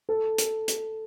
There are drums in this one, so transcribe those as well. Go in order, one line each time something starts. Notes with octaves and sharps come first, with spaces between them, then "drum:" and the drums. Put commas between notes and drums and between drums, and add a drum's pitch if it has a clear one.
A4
drum: hi-hat
drum: hi-hat